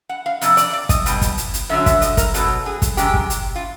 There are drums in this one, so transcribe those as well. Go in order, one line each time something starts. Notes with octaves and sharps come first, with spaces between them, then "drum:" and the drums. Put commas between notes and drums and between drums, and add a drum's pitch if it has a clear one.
F#5
F5
F2 C3, drum: hi-hat
D5, drum: hi-hat
D5
D#5, drum: kick, hi-hat
B2 G3, drum: hi-hat
drum: kick, hi-hat
drum: hi-hat
drum: hi-hat
F#2 D3 F#3 E5
E5, drum: kick, hi-hat
D#5, drum: hi-hat
A#4, drum: kick, hi-hat
B2 F#3 A4, drum: hi-hat
G#4
drum: kick, hi-hat
F#2 D#3 G#3 G4, drum: hi-hat
drum: kick
drum: hi-hat
F4